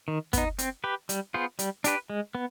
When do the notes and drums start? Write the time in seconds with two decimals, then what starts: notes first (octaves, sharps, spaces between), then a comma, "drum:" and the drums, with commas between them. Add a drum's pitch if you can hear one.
0.08 D#3
0.33 B3 D#4, drum: kick, hi-hat
0.59 C4, drum: hi-hat
0.84 G4 B4
1.09 G3, drum: hi-hat
1.34 B3 F4 G#4 C5
1.59 G3, drum: hi-hat
1.84 D4 G4 B4, drum: hi-hat
2.10 G#3
2.35 B3